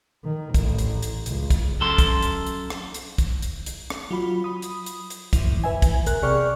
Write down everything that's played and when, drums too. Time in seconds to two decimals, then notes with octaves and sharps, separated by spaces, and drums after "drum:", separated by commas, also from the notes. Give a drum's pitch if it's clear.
0.24 D#3
0.54 A1, drum: kick, hi-hat
0.78 drum: hi-hat
1.02 drum: hi-hat
1.26 C#2, drum: hi-hat
1.50 drum: kick, hi-hat
1.80 F#2 A4 C6
1.98 drum: kick, hi-hat
2.22 drum: hi-hat
2.46 drum: hi-hat
2.70 drum: rim click
2.94 drum: hi-hat
3.18 drum: kick, hi-hat
3.42 drum: hi-hat
3.66 drum: hi-hat
3.90 drum: rim click
4.11 F#3 F4 B5
4.44 B5 D#6
4.62 drum: hi-hat
4.86 drum: hi-hat
5.10 drum: hi-hat
5.33 C#2 F#2 A2 E3, drum: kick, hi-hat
5.64 B4 E5 G#5
5.82 drum: kick, hi-hat
6.06 B1 A#4 F#6, drum: hi-hat
6.22 C3 G#4 D5 G5 C#6 F6